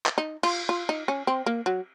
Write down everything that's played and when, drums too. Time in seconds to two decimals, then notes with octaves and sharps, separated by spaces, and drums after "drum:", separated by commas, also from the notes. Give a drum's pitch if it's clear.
0.06 drum: clap
0.18 D#4
0.43 F4, drum: cymbal
0.69 F4
0.89 D#4
1.08 C#4
1.27 C4
1.46 A#3
1.66 F#3